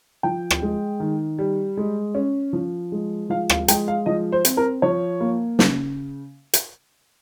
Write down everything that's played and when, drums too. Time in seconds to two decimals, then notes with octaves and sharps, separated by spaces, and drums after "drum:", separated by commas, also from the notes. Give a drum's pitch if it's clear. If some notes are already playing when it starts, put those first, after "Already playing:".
0.23 F3 G5
0.50 drum: rim click
0.62 G#3
1.00 D#3
1.39 G3
1.77 G#3
2.15 C#4
2.53 F3
2.92 G#3
3.29 F3 F5
3.49 F5, drum: rim click
3.68 G#3 G5, drum: hi-hat
3.88 F5
4.06 F3 D#5
4.32 C5
4.45 C4, drum: hi-hat
4.57 A#4
4.82 F3 C#5
5.21 A#3
5.59 C#3, drum: snare
6.53 drum: hi-hat